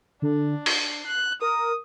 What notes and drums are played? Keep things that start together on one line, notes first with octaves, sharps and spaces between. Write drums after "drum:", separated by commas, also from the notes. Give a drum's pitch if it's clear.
D3 D4
C7, drum: open hi-hat
F#6
A#4 D#6